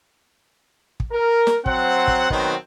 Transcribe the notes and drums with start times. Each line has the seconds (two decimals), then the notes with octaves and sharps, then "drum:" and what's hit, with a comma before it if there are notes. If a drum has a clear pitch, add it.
1.00 drum: kick
1.11 A#4
1.47 drum: snare
1.66 F#3 C4 C5 F#5, drum: kick
2.08 drum: kick
2.30 B2 D#3 F#3 B3 C4, drum: kick